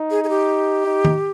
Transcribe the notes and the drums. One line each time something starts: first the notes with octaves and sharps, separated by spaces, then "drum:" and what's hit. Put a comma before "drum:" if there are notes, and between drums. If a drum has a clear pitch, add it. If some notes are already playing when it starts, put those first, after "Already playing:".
Already playing: D#4
G#4
G#4
G4
D#4
drum: tom D#3